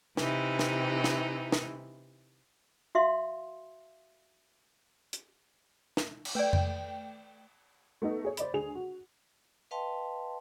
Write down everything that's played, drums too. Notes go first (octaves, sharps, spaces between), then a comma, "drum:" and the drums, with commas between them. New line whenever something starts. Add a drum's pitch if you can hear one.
C3 E3 D#4 E4, drum: snare
drum: snare
drum: snare
drum: snare
F#4 E5 F5 C6
drum: hi-hat
drum: snare
drum: cymbal
A3 B4 D5 G5
drum: tom F2
A3 B3 D#4 A4
G#4 C#5
C5 D5 D#5 B5, drum: hi-hat
D2 G#4 F7
F#4
B4 D#5 F5 G5 A5 C6